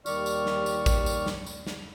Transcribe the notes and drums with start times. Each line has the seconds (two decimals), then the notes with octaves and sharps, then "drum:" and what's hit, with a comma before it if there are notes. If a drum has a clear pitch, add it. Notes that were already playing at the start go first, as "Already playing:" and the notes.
0.06 D#2 D#3 G3 D5 C#6 F6, drum: tambourine
0.26 drum: tambourine
0.46 drum: snare
0.66 drum: tambourine
0.86 drum: kick A1, tambourine
1.06 drum: tambourine
1.26 drum: snare
1.46 drum: tambourine
1.67 drum: snare